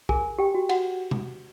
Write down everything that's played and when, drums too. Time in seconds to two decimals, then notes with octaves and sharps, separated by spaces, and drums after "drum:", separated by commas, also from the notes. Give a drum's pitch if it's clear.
0.09 G#4 A#4 G#5, drum: kick
0.39 G4 G5
0.55 F#4
0.69 F#4 F#5, drum: cymbal
1.11 drum: tom C3